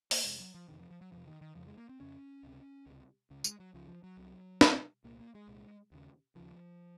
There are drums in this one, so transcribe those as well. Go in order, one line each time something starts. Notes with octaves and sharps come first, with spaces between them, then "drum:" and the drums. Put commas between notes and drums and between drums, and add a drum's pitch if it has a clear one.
A#3, drum: open hi-hat
F2 C3 G#3
F#3
F3
F2 C3 D#3
F3
F3
F#3
F2 C3 F3
D#3
D#3
F2 C#3 F3
G#3
A#3
C4
F2 C#3 C#4
C#2 C3
C#2 C3
C#2 C#3
G#3, drum: tambourine
F#3
C#2 C#3 F3
F3
F#3
C2 C3
C2 C3, drum: snare
C2 A#2 A#3
A#3
G#3
C2 A#2
D#2 C#3
D#2 C#3 F3